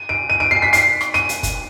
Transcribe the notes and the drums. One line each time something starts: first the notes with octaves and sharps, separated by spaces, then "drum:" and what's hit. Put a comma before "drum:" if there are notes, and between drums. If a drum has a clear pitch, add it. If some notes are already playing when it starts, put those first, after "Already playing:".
Already playing: D#7
D7
D#7
D7
C7
B6
C7, drum: hi-hat
drum: rim click
D#7, drum: rim click
drum: hi-hat
drum: kick, hi-hat